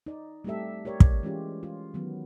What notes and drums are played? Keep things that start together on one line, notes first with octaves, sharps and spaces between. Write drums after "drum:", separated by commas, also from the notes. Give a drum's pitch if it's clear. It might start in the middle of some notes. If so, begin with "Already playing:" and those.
D#4 D5
G3 A3 C4 G4 A4 E5
G4 A#4 C#5 D5
drum: kick
E3 G#3 C#4 F4 G4
F4
D#3 F#3 B3